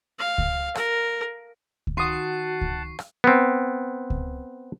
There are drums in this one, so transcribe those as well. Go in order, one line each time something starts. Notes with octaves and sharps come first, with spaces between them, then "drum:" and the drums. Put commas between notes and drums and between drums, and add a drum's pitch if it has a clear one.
F5
drum: kick C#2
A#4, drum: rim click
drum: kick C#2
D#3 F#4 F#5 A5 C6 C#6 D#6 C7
drum: kick C#2
drum: rim click
B3 C4
drum: kick C#2